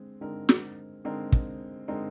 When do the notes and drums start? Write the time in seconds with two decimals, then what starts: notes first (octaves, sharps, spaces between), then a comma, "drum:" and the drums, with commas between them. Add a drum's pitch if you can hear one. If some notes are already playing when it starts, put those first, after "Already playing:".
Already playing: D3 G#3 C4
0.21 D3 G#3 C4 D#4 A#4
0.49 drum: snare
1.04 D3 G#3 C4 D#4 A#4
1.32 drum: kick
1.88 D3 G#3 C4 D#4 A#4